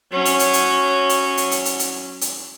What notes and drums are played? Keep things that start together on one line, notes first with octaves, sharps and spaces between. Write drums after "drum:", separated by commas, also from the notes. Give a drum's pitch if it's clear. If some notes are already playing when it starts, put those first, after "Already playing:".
F#3 C#4
drum: hi-hat
drum: hi-hat
drum: hi-hat
drum: hi-hat
drum: hi-hat
drum: hi-hat
drum: hi-hat
drum: hi-hat
drum: hi-hat